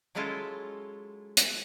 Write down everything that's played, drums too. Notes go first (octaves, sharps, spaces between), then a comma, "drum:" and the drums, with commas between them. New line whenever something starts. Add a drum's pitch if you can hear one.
F#3 G#3 C#4 E4 F4 A4
drum: hi-hat